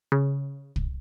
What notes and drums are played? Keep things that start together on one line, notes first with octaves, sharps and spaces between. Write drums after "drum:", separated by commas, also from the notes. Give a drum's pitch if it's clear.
C#3
drum: kick